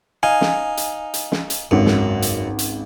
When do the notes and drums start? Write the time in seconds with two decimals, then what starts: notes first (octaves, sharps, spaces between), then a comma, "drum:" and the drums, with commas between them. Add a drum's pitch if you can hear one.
0.23 D#4 F5 G#5
0.41 drum: snare
0.77 drum: hi-hat
1.14 drum: hi-hat
1.32 drum: snare
1.50 drum: hi-hat
1.71 G#1 C#2 F#2
1.86 drum: snare
2.22 drum: hi-hat
2.59 drum: hi-hat